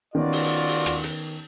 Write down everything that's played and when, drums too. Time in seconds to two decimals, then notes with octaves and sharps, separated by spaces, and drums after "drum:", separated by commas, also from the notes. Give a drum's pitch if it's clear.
0.15 D#3 B3 C#4 F4 F#4 D5
0.32 drum: open hi-hat
0.68 drum: open hi-hat
0.86 drum: rim click
1.04 drum: hi-hat